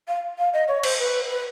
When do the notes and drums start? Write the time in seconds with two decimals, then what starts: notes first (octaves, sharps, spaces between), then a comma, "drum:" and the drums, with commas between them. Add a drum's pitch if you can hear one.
0.08 F5
0.38 F5
0.53 D#5
0.68 C#5
0.83 C5, drum: cymbal
0.99 B4
1.30 B4